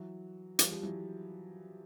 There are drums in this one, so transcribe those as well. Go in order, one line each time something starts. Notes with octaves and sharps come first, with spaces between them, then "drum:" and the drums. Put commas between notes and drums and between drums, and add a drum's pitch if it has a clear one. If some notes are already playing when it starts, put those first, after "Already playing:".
Already playing: E3 F#3
F3 G3, drum: hi-hat
F3 G3
E3 F#3